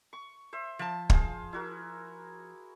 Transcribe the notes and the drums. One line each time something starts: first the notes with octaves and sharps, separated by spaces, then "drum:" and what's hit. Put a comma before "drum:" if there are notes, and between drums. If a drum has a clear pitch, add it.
C#6
C5 E5
F3 A5
G#4 C5 F5, drum: kick
E4 F#4 A#4